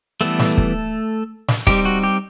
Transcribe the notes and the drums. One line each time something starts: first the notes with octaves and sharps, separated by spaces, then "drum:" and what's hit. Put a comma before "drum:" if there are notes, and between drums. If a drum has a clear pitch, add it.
E3 G3 A3 B3 A4
drum: snare
drum: kick
drum: snare
G3 C4 D#4 G4, drum: kick
F#4
G4